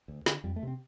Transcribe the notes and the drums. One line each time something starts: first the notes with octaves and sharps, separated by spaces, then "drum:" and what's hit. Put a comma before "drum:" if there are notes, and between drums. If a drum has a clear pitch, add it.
D2
D3, drum: snare
F2 G3
A3
C3 C4